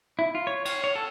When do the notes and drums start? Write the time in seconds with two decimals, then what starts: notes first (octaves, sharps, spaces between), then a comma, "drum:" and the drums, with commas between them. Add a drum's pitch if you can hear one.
0.19 E4
0.35 F4
0.47 C#5
0.65 C#5, drum: cymbal
0.84 C#5
0.95 A4